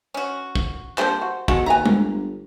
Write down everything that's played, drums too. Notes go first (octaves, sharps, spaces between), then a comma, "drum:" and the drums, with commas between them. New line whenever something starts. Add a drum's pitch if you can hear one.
C#4 F#4
drum: kick
F3 G3 A#3 C4 D4 C5, drum: clap
F#4
B2 G#3 F#4 A4, drum: kick
D#2 B3 E5 F5 G#5 A#5
G1, drum: tom G#3